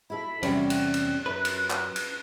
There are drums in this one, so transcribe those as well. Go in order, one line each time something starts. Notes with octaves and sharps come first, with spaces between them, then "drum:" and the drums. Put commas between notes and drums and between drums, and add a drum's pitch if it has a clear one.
E4 A4 B5
E2 C3 G3 C#4, drum: cymbal
F#6, drum: cymbal
drum: cymbal
F#2 B4
drum: cymbal
drum: clap
drum: cymbal